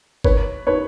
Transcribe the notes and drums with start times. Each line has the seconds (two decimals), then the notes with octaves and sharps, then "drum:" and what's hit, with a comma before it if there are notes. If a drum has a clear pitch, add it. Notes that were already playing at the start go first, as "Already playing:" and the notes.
0.24 B4 C#5, drum: kick G1
0.67 B4 C#5